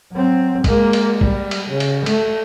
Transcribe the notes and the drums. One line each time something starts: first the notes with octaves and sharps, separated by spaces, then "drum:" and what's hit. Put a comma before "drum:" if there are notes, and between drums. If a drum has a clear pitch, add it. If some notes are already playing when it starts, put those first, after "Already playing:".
F#3 C4
G#3 A#3, drum: kick, cymbal
drum: cymbal
G3, drum: kick
drum: cymbal
C#3
drum: cymbal
A3, drum: cymbal